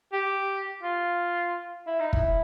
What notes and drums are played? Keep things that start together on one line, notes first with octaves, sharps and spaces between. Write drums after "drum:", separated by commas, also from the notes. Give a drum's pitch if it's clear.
G4
F4
E4
D#4
E4, drum: kick